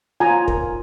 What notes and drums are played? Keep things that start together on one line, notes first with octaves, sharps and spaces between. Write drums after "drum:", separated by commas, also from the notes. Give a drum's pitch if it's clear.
F4 G#5 A#5
A#4, drum: kick